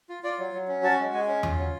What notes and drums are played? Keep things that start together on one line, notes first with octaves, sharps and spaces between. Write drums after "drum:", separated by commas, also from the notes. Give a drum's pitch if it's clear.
F4
F4 D5
F#3
F#3
C#4
F#4 A5
G#3
G#3 G#5
C#4
F4, drum: tom E2
F#3